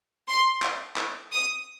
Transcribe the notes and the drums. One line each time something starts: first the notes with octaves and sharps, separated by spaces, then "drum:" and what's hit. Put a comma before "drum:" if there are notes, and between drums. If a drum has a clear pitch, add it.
C6
drum: clap
drum: clap
D#6